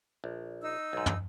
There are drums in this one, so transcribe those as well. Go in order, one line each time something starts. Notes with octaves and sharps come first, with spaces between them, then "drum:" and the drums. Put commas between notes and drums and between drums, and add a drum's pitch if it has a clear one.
A#1
D#4 E6
B1 G#2
drum: tom